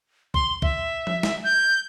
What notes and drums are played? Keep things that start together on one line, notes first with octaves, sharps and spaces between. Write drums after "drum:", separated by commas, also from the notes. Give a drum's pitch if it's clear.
C6, drum: kick
E5, drum: kick
drum: tom F3
drum: snare
G6